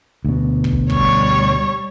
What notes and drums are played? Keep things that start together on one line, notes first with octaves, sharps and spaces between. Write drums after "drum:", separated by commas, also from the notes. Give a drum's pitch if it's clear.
D2 B2
drum: kick
G3 C#5 C#6, drum: kick